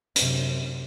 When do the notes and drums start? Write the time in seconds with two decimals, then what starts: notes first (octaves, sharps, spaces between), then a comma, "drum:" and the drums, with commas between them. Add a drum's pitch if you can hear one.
0.16 F#2 C3, drum: hi-hat